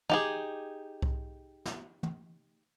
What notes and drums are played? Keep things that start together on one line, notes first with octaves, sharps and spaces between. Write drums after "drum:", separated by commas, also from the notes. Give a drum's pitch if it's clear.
D#4 G4 G#4, drum: tom
drum: kick C2
drum: snare
drum: tom